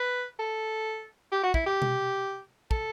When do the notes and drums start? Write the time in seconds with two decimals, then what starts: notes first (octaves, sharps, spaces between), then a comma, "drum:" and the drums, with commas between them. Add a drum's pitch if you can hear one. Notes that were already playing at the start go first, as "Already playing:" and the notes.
Already playing: B4
0.39 A4
1.32 G4
1.44 F#4
1.54 E4, drum: kick
1.66 G4
1.82 drum: tom B2
2.71 A4, drum: kick